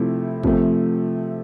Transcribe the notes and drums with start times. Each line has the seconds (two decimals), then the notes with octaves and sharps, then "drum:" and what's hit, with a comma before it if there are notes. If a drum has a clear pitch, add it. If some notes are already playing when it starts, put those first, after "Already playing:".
Already playing: C3 F3 A3 E4
0.44 C3 F3 A3, drum: kick